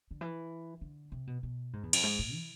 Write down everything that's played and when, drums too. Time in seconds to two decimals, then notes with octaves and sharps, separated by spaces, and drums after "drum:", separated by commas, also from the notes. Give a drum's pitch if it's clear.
0.11 D3
0.21 E3
0.81 D3
1.12 C3
1.27 B2
1.43 B2
1.73 G#2
1.83 E2
1.93 F2, drum: cymbal
2.03 G#2
2.19 A2
2.34 E3